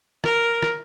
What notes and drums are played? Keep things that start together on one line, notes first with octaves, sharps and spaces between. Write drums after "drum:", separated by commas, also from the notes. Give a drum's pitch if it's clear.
A#4, drum: rim click
drum: rim click